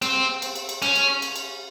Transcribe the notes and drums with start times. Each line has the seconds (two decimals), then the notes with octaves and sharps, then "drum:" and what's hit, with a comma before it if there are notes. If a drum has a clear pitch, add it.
0.02 C4, drum: cymbal
0.42 drum: cymbal
0.56 drum: cymbal
0.69 drum: cymbal
0.82 C#4, drum: cymbal
0.96 drum: cymbal
1.22 drum: cymbal
1.36 drum: cymbal